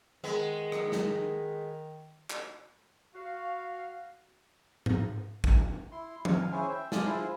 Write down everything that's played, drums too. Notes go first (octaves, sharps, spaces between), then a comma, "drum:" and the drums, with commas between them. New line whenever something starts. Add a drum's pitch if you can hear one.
D#3 G#3 B3
drum: rim click
drum: snare
drum: clap
F#4 F5
drum: tom G#2
drum: kick
E4 C6
F5, drum: tom D#3
C#4 E4 G#4 C5
E5 G5
D5 F5 G#5 A5 C6 D#6, drum: snare
E4 F4 G#4 C5